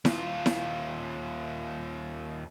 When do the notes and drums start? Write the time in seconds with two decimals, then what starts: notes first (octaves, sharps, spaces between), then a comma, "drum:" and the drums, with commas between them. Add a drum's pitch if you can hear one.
0.05 D#2 F4, drum: snare E4
0.46 drum: snare E4